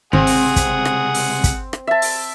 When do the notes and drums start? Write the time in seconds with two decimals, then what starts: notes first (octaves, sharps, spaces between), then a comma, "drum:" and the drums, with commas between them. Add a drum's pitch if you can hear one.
0.13 G#1 C#2 C3 C4 G#4 F#5
0.27 drum: open hi-hat
0.56 drum: kick, hi-hat
0.85 drum: rim click
1.15 drum: open hi-hat
1.44 drum: kick, hi-hat
1.73 drum: rim click
1.87 E5 A5
2.02 drum: open hi-hat